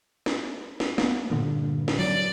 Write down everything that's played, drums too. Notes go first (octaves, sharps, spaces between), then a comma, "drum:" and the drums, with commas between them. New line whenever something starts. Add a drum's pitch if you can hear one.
drum: snare
drum: snare
A#3 B3, drum: snare
G2 A#2 D3
drum: snare
F#3 D5